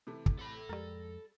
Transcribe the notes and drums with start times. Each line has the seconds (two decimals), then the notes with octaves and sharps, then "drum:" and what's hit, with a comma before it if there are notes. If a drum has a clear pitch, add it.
0.07 C3 E3 A3
0.26 drum: kick
0.39 A4 B5
0.69 F2 G3 G#3 A#4 A6